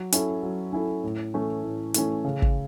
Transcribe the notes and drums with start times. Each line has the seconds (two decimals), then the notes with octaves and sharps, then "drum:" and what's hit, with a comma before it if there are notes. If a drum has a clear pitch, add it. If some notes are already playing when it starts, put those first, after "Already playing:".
Already playing: F#3
0.12 C#4 E4 A4, drum: hi-hat
0.43 F#3
0.73 C#4 E4 A4
1.04 A2
1.34 E3 A3 C#4
1.63 A2
1.94 E3 A3 C#4, drum: hi-hat
2.25 C#3
2.42 drum: kick